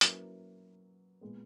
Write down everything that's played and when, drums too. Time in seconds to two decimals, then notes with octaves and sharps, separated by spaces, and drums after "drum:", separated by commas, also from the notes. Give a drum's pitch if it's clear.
0.01 F#3 A#3 C#4 E4 B4, drum: hi-hat
1.21 A#2 G#3 B3